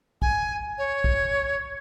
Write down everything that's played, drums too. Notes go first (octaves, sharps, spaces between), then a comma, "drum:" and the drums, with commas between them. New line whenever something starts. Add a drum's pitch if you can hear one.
G#5, drum: kick
C#5
drum: kick